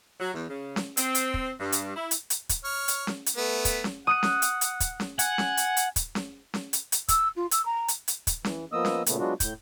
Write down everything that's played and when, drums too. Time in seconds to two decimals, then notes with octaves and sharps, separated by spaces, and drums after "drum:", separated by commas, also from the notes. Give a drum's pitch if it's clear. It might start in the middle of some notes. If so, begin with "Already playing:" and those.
0.20 F#3
0.34 E2
0.49 C#3
0.76 drum: snare C#4
0.97 C4, drum: hi-hat
1.15 drum: hi-hat
1.34 drum: kick
1.59 G2
1.72 drum: hi-hat
1.96 E4
2.11 drum: hi-hat
2.30 drum: hi-hat
2.49 drum: kick, hi-hat
2.64 C#5 F6
2.88 drum: hi-hat
3.07 drum: snare C#4
3.26 drum: hi-hat
3.37 A3 B3
3.65 drum: kick, hi-hat
3.84 drum: snare C#4
4.07 F#5 D#6 F#6 D#7
4.23 drum: snare C#4
4.42 drum: hi-hat
4.61 drum: hi-hat
4.80 drum: kick, hi-hat
5.00 drum: snare C#4
5.19 F#5 G#5, drum: hi-hat
5.38 drum: snare C#4
5.57 drum: hi-hat
5.77 drum: hi-hat
5.96 drum: kick, hi-hat
6.15 drum: snare C#4
6.54 drum: snare C#4
6.73 drum: hi-hat
6.92 drum: hi-hat
7.08 E6, drum: kick, hi-hat
7.36 F4
7.51 E6, drum: hi-hat
7.65 A#5
7.88 drum: hi-hat
8.08 drum: hi-hat
8.27 drum: kick, hi-hat
8.45 E3, drum: snare C#4
8.72 F3 A#3 B3 D#5 D#6 E6
8.85 drum: snare C#4
9.06 A#2 C#3 A3 B3, drum: hi-hat
9.19 F#3 G#3 B3 D4 F4 F#4
9.40 A2 G6, drum: kick, hi-hat